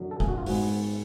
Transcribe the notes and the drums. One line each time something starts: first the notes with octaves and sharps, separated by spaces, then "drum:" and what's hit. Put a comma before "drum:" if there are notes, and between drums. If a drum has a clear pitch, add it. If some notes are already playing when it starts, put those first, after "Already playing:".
Already playing: F#2 D3 F#3
A4
G#4, drum: kick
F#4
F4
G#2 G#3 B3 F#4, drum: open hi-hat